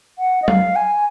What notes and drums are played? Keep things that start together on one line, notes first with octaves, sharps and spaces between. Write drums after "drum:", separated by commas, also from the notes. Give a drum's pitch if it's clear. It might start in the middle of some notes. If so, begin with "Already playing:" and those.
F#5
D#5
F5, drum: tom F#3
G#5